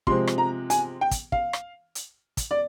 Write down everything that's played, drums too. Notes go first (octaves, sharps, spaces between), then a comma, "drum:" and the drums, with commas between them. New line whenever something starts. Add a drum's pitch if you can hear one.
C3 F3 G#3 C4 C6, drum: kick
drum: rim click
A#5
G#5, drum: hi-hat
G5
drum: kick, hi-hat
F5, drum: kick
drum: rim click
drum: hi-hat
drum: kick, hi-hat
D5